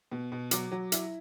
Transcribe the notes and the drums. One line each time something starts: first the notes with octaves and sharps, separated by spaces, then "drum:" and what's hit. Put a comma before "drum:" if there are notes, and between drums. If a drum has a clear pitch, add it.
B2
B2
F#3 D6, drum: hi-hat
F#3
E4, drum: hi-hat